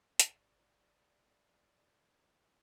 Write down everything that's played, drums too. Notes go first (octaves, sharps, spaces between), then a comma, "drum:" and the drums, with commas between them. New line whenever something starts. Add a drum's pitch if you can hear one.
G#1 D5, drum: hi-hat